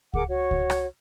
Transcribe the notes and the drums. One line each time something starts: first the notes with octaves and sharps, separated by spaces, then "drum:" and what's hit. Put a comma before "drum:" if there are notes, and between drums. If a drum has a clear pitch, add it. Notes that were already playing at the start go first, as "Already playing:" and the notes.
G#4 A#4 F#5 D6, drum: kick C#2
F#4 C#5
drum: kick C#2
drum: rim click